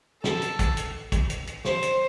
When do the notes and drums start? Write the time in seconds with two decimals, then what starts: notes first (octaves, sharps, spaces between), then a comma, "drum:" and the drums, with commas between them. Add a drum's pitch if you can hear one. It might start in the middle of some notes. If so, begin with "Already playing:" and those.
0.24 A4, drum: snare
0.42 drum: hi-hat
0.59 drum: kick, hi-hat
0.77 drum: hi-hat
1.12 drum: kick, hi-hat
1.30 drum: hi-hat
1.47 drum: hi-hat
1.65 C5, drum: snare
1.83 drum: hi-hat